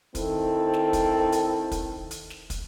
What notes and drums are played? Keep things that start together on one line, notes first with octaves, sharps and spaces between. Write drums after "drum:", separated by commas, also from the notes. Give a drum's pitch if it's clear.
D#3 C4 E4 A4, drum: kick, hi-hat
drum: snare
drum: kick, hi-hat
drum: hi-hat
drum: kick, hi-hat
drum: hi-hat
drum: snare
drum: kick, hi-hat